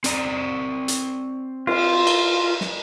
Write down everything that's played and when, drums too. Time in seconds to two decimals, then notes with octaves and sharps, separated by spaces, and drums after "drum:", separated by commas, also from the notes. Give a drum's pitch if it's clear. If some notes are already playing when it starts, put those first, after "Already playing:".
0.04 C4 D5 A#5, drum: hi-hat
0.88 drum: hi-hat
1.67 F4, drum: cymbal
2.07 drum: cymbal
2.61 drum: snare